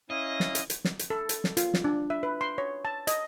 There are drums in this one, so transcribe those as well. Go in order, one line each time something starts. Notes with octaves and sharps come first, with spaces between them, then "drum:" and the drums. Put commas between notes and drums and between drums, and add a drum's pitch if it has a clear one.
C#4 E4 D#5 F5
drum: snare
drum: hi-hat
drum: hi-hat
drum: snare
drum: hi-hat
A4
drum: hi-hat
drum: snare
F4, drum: hi-hat
drum: snare
D4
E5
B4
C6
C#5
A5
D#5, drum: hi-hat